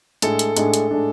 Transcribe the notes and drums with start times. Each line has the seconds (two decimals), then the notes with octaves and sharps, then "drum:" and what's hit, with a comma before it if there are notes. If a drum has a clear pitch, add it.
0.22 A2 G#3 D4 A4, drum: hi-hat
0.39 drum: hi-hat
0.57 A2 G#3 D4, drum: hi-hat
0.74 drum: hi-hat
0.91 A2 G#3 D4